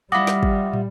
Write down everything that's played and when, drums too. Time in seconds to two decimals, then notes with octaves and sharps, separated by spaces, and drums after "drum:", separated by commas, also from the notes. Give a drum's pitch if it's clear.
0.12 G3 E4 F4 F#5 D6 D#6 A#6
0.27 drum: snare
0.43 drum: kick
0.73 drum: tom